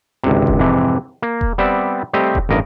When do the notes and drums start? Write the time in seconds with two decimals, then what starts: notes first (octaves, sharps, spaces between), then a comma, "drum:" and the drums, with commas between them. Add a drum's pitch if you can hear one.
0.24 G#1 C#2 C3
0.47 drum: kick E1
0.59 F2 G#2 C3 E3
1.22 A#3
1.41 drum: kick E1
1.58 G3 B3 C4 D5 E5
2.13 G3 A3 C4 G4 D#5
2.35 drum: kick E1
2.49 A1 G2 A#4 D#5